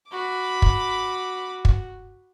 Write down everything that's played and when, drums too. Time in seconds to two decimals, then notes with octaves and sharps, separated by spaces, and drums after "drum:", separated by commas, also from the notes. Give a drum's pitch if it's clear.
0.11 F#4 B5 D6
0.62 drum: kick
1.65 drum: kick